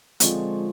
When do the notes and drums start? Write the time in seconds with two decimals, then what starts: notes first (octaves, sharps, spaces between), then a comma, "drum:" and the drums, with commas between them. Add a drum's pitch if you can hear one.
0.20 D3 F3 G#3 C4 C#6, drum: hi-hat